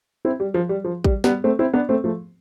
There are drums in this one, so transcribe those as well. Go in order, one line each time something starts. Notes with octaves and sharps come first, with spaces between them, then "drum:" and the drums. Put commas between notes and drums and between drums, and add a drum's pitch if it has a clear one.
C4 E4
G3
F3
G3
F3
G3, drum: kick
G3 B3, drum: snare
A3 C4
C4 E4
B3 D4
A3 C4
F3 A3